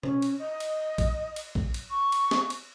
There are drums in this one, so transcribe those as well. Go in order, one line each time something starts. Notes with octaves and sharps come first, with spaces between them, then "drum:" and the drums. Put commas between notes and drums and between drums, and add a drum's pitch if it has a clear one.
C#4, drum: tom B2
drum: cymbal
D#5
drum: cymbal
drum: kick A#1, cymbal
drum: cymbal
drum: kick A#1
drum: cymbal
C#6
drum: cymbal
drum: snare
drum: cymbal